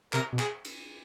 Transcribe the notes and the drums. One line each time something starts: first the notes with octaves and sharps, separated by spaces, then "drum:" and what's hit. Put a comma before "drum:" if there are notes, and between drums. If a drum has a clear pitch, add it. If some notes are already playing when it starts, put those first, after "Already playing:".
C3 A#4, drum: clap
B2
G#4, drum: clap
drum: cymbal